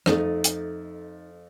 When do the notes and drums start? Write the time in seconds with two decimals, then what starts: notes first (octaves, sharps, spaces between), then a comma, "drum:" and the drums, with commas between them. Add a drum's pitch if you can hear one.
0.06 F2 A3 D#4, drum: rim click
0.44 drum: hi-hat